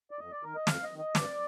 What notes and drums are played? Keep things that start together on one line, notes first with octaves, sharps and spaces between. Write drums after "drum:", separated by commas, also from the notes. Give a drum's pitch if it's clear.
D5
F2 D#5
D5
D#3 A#4
D#5
F2 F5, drum: snare
D#5
D#3
D#5
G2 D5, drum: snare